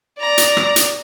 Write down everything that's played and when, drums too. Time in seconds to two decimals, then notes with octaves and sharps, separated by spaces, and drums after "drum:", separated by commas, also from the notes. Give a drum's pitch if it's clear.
0.18 D5 A#5
0.38 drum: hi-hat
0.57 drum: rim click
0.76 drum: hi-hat